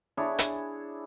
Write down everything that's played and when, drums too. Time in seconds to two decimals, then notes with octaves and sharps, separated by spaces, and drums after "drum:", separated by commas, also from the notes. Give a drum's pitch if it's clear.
0.17 D4 E4 G#4 C#5
0.39 drum: hi-hat